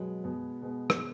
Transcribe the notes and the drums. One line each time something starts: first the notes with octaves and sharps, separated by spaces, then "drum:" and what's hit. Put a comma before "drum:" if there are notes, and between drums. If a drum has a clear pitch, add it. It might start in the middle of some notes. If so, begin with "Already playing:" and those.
Already playing: B2 F#3 G#3 B3
B2 G#3 B3
B2 G#3 B3
drum: rim click